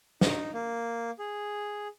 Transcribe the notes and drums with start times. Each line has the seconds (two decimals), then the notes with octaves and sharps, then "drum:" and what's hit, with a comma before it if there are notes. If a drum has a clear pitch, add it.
0.21 D#4, drum: snare
0.54 A#3
1.19 G#4